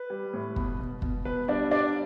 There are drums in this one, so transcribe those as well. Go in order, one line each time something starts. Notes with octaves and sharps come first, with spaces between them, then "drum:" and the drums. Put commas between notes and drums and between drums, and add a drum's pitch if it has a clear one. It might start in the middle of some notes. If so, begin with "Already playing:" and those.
Already playing: B4
G3
A2
B2, drum: kick
B2
B2, drum: kick
B2 B4
G3 D4 D5
G3 D4 D5